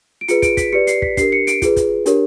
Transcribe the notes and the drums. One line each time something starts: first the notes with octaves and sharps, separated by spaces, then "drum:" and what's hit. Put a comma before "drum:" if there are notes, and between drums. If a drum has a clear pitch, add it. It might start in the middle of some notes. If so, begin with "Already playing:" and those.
D7
F4 G#4 B4 C#7, drum: hi-hat
D7, drum: kick, hi-hat
B6, drum: kick, hi-hat
G4 B4 D5 C#7
C7, drum: hi-hat
B6, drum: kick
D4 G4 A#4 C7, drum: kick, hi-hat
C#7
D7, drum: hi-hat
F4 G#4 B4, drum: kick, hi-hat
drum: kick, hi-hat
D4 G4 A#4 C#5, drum: hi-hat